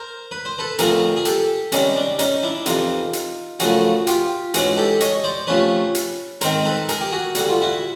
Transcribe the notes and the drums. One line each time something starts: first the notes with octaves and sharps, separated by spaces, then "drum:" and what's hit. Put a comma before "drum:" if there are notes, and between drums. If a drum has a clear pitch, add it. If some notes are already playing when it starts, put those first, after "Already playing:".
Already playing: A#4 C5
B4
C5
A4 B4
D2 C3 F3 A3 G#4 A#4, drum: hi-hat
G#4
G4 A4, drum: hi-hat
C3 D#3 G3 C#4 D#4, drum: hi-hat
D4
C#4 D#4, drum: hi-hat
D4 E4
F2 C3 E3 D#4 F4, drum: hi-hat
drum: hi-hat
F#2 C#3 F3 A3 F#4 G#4, drum: hi-hat
F4 G4, drum: hi-hat
G#2 E3 G#3 C#4 F#4 G#4, drum: hi-hat
G4 A4
C#5 D#5, drum: hi-hat
C5 D5
C3 F3 A3 C#4 B4 C#5
drum: hi-hat
G#2 D#3 G#3 C4 A#4 C5, drum: hi-hat
A4 B4
G#4 A#4, drum: hi-hat
G4
F#4 G#4
D2 D3 G3 F#4, drum: hi-hat
F4
E4 F#4